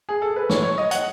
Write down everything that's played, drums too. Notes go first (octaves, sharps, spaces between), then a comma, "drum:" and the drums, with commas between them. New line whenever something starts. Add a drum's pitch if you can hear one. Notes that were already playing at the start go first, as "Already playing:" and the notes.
G#4
A4
B4
C#5, drum: snare
C#5
D#5
F#5, drum: hi-hat